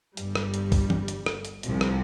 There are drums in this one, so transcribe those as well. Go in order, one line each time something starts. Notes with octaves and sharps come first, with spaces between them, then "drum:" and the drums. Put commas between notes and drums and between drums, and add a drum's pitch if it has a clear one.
G1 G2 G3, drum: hi-hat
drum: rim click
drum: hi-hat
drum: kick B1, open hi-hat
drum: tom E3
drum: hi-hat
drum: rim click
drum: hi-hat
C2 C3 F3, drum: hi-hat
drum: rim click